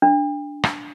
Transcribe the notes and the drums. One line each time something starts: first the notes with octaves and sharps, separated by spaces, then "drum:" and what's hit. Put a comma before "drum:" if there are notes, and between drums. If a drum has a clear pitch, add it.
D4
drum: rim click